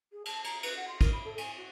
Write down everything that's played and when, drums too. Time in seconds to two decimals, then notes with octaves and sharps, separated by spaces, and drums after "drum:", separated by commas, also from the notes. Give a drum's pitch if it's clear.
0.12 G#4
0.25 A5, drum: cymbal
0.44 A#5, drum: cymbal
0.63 B4, drum: cymbal
0.76 F#5
0.88 C6
1.01 A#4, drum: kick, cymbal
1.12 B5
1.24 A4
1.38 G#5, drum: cymbal
1.56 F#4